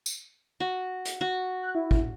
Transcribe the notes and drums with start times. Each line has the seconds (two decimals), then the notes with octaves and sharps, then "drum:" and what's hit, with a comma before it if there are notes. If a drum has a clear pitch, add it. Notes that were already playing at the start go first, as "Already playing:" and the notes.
0.06 drum: tambourine
0.60 F#4
1.05 drum: hi-hat
1.21 F#4
1.62 F#6
1.75 E4
1.91 drum: kick